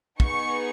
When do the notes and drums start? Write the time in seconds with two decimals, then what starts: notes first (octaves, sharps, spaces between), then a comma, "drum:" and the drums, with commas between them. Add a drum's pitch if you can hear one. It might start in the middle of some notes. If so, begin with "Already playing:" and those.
0.20 B3 D#4 G#4 C#6, drum: kick